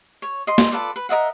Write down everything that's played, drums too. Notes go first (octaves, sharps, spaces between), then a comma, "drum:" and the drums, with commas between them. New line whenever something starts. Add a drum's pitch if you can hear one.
C#5
D#5 C6
drum: snare
F4 A4 B4 D5
B4
A#4 D#5 E5 F#5